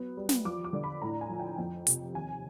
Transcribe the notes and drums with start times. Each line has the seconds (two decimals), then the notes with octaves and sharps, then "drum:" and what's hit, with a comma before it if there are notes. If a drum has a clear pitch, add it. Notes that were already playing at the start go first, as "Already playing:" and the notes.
Already playing: F#3 B3
0.17 G3
0.29 drum: snare
0.45 F3 D6
0.64 D6
0.73 D3
0.84 B5
1.02 A2 A#5
1.21 G#5
1.29 F3
1.39 G5
1.58 F2
1.87 C3, drum: hi-hat
2.14 D#2 G#5